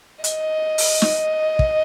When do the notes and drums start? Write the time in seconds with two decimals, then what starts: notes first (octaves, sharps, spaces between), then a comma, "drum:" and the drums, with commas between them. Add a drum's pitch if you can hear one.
0.24 D#5, drum: hi-hat
0.78 drum: open hi-hat
1.02 drum: snare
1.59 drum: kick